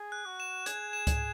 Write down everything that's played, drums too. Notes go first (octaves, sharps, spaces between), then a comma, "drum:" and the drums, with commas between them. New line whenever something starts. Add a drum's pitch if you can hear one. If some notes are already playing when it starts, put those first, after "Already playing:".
Already playing: G#4
F#6
F#4
E7
G#4 G#6, drum: hi-hat
E7
drum: kick C#2, hi-hat